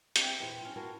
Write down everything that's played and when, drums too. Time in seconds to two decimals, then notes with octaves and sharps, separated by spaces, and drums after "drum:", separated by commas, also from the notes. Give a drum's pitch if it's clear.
0.16 C4 G4 E5, drum: hi-hat
0.40 E2 A#2 E4 C5 G5
0.61 C#4 F4
0.76 E4 F#4 A#4 F5 G5 A5